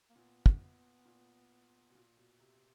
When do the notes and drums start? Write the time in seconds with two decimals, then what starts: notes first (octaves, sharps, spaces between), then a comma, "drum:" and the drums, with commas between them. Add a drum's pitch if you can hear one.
0.10 A#3
0.16 A#2 B3
0.46 drum: kick
1.05 A#2
1.91 B2
1.95 A#2
2.17 B2
2.39 C3